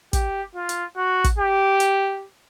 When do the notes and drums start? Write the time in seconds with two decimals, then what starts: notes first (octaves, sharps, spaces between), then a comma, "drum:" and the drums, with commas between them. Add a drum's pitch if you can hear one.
0.13 G4, drum: kick, hi-hat
0.55 F4
0.69 drum: hi-hat
0.97 F#4
1.24 drum: kick, hi-hat
1.38 G4
1.80 drum: hi-hat